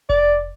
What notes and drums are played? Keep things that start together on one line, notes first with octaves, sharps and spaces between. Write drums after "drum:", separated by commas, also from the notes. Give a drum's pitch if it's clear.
D5, drum: kick F1